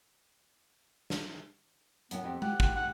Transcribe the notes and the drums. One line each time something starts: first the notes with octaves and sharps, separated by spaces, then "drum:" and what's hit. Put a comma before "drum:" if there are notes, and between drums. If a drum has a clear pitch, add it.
drum: snare
F#2 B3 F#5, drum: hi-hat
F2 G4
G4 F#5, drum: tom G#3
G4, drum: kick
F#5